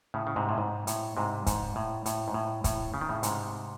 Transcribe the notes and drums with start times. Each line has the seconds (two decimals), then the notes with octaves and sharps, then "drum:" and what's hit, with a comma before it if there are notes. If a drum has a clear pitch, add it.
0.14 A2 C#3
0.27 C#3
0.36 G#2 C3
0.49 A2
0.58 G#2
0.87 A2, drum: hi-hat
1.17 G#2 C3
1.47 G#2, drum: kick, hi-hat
1.76 A2
2.06 A2, drum: hi-hat
2.28 G#2
2.34 A2
2.64 A2, drum: kick, hi-hat
2.94 C#3
3.01 D#3
3.09 A2 C#3
3.23 G#2 C3, drum: hi-hat